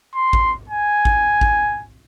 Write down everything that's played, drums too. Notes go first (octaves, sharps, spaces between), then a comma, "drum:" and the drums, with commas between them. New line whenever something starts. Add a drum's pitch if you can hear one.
C6
drum: kick G#1
G#5
drum: kick G#1
drum: kick G#1